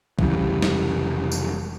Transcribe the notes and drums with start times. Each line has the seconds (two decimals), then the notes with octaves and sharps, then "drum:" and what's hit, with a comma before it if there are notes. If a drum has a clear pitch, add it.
0.19 F1 C#3 E3 G3, drum: kick
0.62 drum: snare
1.32 drum: tambourine